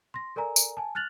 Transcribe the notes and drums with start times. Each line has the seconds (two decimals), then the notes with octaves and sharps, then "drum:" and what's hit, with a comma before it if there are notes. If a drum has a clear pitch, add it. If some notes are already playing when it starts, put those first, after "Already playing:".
0.14 C6 A#6
0.36 A4 A#4 D5 G#5 A#5
0.56 drum: tambourine
0.77 G#5 A5
0.95 F6 F#6 A6 F7 F#7